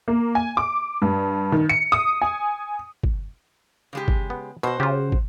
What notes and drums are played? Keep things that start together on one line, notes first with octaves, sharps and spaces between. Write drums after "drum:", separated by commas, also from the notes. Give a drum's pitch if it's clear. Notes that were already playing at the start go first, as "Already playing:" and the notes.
A#3
G#5
D6
G2
D#3
C#7
D#6
G#5
drum: kick
C#3 G#3 G4
drum: kick
B3
B2 F#4 C5
C#3 F4 G4
drum: kick